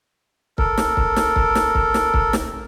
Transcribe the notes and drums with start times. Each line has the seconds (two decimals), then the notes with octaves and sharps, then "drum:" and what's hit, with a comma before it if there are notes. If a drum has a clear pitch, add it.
0.58 A4 A#4, drum: kick
0.78 drum: snare
0.97 drum: kick
1.16 drum: snare
1.36 drum: kick
1.55 drum: snare
1.75 drum: kick
1.94 drum: snare
2.14 drum: kick
2.33 drum: snare